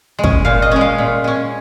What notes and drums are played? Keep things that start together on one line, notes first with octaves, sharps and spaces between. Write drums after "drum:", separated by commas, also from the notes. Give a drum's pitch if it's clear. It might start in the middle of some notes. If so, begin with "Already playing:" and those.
G#3
C#4, drum: kick
A#2 F5
D#5
G#3 C#4
F5
A#2
G#3 C#4